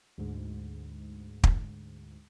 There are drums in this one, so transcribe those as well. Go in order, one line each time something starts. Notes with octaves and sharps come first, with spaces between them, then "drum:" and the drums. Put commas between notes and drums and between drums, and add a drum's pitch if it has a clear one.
D2 G#2
drum: kick